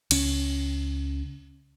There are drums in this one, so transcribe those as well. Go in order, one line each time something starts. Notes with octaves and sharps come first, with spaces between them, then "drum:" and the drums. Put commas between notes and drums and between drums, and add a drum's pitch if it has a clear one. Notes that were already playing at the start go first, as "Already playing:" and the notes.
C#2 C#4, drum: cymbal